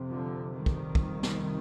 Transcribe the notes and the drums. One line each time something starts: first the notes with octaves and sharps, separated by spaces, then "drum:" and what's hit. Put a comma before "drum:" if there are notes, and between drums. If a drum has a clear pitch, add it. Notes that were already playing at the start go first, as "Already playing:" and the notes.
Already playing: F2 C3
D3 F3
D#3 G3
drum: kick
F2 C3, drum: kick
drum: snare